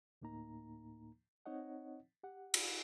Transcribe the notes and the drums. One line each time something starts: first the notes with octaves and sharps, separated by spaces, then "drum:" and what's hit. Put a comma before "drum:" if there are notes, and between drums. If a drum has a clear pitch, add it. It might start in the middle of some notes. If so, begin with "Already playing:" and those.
D2 A2 A#3 D#4 A#5
C4 D#4 C#5 D#5 F#5
G4 F#5
drum: cymbal